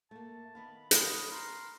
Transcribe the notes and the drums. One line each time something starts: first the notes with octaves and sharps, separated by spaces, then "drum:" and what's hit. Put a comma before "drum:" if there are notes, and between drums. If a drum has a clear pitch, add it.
A3 A#3 A5
D#3 B3 F5 B5
A3 D#6, drum: hi-hat
A#4 C6